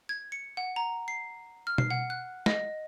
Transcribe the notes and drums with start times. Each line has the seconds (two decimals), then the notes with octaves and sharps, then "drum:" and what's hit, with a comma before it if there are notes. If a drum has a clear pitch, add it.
0.09 G#6
0.32 C#7
0.57 F#5
0.76 A#5
1.08 C7
1.67 F6
1.78 C7, drum: tom
1.90 F#5
2.10 F#6
2.46 D#5, drum: snare